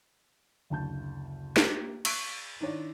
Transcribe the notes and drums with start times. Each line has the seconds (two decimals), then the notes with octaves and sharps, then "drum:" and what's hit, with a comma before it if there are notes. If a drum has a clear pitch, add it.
0.70 F#1 D2 A5 G6
1.56 A#3 G4, drum: snare
2.05 C#6 E6 F#6 G#6 B6 D7, drum: cymbal
2.60 D#3 D4 E4 C#5 D5